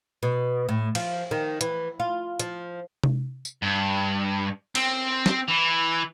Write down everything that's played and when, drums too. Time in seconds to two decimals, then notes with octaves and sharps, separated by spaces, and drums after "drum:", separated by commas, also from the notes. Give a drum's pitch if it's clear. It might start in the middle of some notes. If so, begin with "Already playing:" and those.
0.23 B2
0.69 A2
0.95 F3, drum: cymbal
1.31 D#3
1.61 E3, drum: hi-hat
2.00 F4
2.40 F3, drum: hi-hat
3.03 drum: tom C3
3.45 drum: tambourine
3.62 G2
4.75 C4, drum: cymbal
5.26 drum: snare
5.48 E3